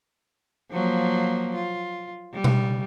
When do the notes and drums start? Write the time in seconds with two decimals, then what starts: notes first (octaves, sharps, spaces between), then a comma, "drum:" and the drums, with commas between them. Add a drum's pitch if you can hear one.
0.72 F3 F#3 A#3
1.55 F4
2.33 G3
2.44 drum: tom B2